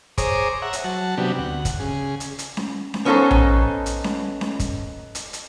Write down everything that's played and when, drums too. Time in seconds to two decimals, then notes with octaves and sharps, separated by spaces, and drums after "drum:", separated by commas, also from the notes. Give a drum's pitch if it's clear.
0.18 G#4 C5 C#5 A#5 D6 D#6, drum: kick, hi-hat
0.62 C#5 E5 F#5 A#5
0.73 drum: hi-hat
0.84 F#3 F#5 A5
1.18 C3 F#3 B3 D4 G4
1.38 D2 F#5
1.65 drum: kick, hi-hat
1.80 C#3 G#4
2.20 drum: hi-hat
2.39 drum: hi-hat
2.57 drum: snare C#4
2.94 drum: snare C#4
3.05 B3 C#4 D#4 E4 A4 C5
3.31 drum: tom A#1
3.86 drum: hi-hat
4.04 drum: snare C#4
4.41 drum: snare C#4
4.60 drum: kick, hi-hat
5.15 drum: hi-hat
5.33 drum: hi-hat